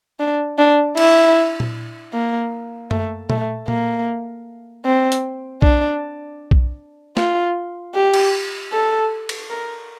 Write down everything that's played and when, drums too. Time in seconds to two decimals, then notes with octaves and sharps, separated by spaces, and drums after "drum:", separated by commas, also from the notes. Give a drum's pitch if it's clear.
0.20 D4
0.58 D4
0.97 E4, drum: cymbal
1.60 drum: tom A#2
2.13 A#3
2.91 A3, drum: tom F#2
3.30 A3, drum: tom A#2
3.68 A#3, drum: tom A#2
4.85 C4
5.12 drum: hi-hat
5.62 D4, drum: kick B1
6.51 drum: kick B1
7.17 F4, drum: snare
7.94 G4
8.14 drum: cymbal
8.73 A4
9.29 drum: cymbal
9.50 A#4